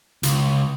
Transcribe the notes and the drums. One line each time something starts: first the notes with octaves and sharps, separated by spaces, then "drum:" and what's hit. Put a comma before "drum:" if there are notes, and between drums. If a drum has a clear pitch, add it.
C#2, drum: hi-hat